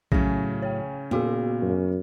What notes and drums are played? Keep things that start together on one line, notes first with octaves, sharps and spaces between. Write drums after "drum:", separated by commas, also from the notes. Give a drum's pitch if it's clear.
A2 C#3 F#3 C#4 A#6, drum: kick
C#5 G5
A#2 B3 F#4 G#4
F#2